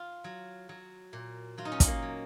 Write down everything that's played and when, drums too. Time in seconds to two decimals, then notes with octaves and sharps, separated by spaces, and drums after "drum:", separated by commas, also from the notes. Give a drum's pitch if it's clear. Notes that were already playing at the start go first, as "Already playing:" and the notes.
Already playing: F4
0.24 F#3
0.69 F#3
1.13 A#2
1.58 F#3 F4
1.65 D#4
1.72 C#4
1.80 D#4, drum: kick, hi-hat
1.87 A#3
2.03 F#3